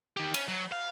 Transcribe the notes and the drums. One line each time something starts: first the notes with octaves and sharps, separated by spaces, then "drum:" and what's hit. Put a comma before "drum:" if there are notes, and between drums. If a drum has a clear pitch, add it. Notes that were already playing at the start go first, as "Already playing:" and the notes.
D#3 G4
C#4, drum: cymbal
F#3
F5